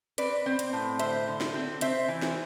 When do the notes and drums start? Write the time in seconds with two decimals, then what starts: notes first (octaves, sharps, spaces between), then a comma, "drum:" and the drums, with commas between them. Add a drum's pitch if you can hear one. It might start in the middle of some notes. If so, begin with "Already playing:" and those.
0.18 C4 B4 D5, drum: hi-hat
0.46 C4
0.59 drum: hi-hat
0.73 A2
0.99 D3 C5 E5, drum: hi-hat
1.27 D3
1.41 drum: snare
1.54 C4
1.81 C4 C5 E5, drum: hi-hat
2.08 E3
2.22 drum: snare